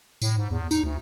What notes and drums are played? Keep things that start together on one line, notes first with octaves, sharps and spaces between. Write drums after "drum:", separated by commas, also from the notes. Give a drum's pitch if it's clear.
A2, drum: tambourine
G#2
E2
D#4, drum: tambourine
D2